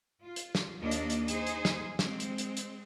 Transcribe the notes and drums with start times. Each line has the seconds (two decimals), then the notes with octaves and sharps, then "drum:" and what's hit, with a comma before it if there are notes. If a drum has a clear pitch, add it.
0.25 F4
0.36 drum: hi-hat
0.55 drum: snare
0.80 D#2 A#3 D4 D#4 D#5
0.91 drum: hi-hat
1.10 drum: hi-hat
1.28 D#4 G#4 C5, drum: hi-hat
1.47 drum: hi-hat
1.65 drum: snare
1.99 G#3 C4, drum: snare
2.20 drum: hi-hat
2.38 drum: hi-hat
2.57 drum: hi-hat